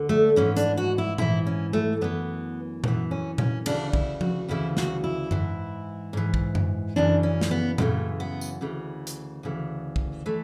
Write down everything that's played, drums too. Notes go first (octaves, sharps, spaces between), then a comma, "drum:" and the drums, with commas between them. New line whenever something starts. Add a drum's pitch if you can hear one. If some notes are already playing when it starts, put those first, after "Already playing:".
Already playing: D2 D3
A3
G#2 E3 C#4
D4, drum: hi-hat
F#4
E4
G#2 E3 E4, drum: tom A#2
C#4
A3
F#2 E3 B3
F#2 E3 B3, drum: tom A#2
C#4
C#4, drum: tom A#2
D2 C#3 E3 D4, drum: cymbal
E4, drum: kick
F#4, drum: tom F3
D2 C#3 E3 E4
F#4, drum: snare
E4
G#2 E3, drum: tom F#2
G#2 E3
drum: kick
drum: tom F#2
F#2 C#3 E3 D4
C#4
drum: snare
B3
F#2 C#3 E3 A3, drum: tom A#2
B3
drum: tambourine
D2 C#3 E3
drum: hi-hat
D2 C#3 E3
drum: kick
E3 A3